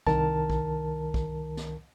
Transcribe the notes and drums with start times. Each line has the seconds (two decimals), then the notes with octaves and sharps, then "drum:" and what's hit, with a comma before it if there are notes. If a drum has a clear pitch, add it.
0.07 C2 D#3 A#4 A5, drum: kick
0.50 drum: kick
1.14 drum: kick
1.57 drum: snare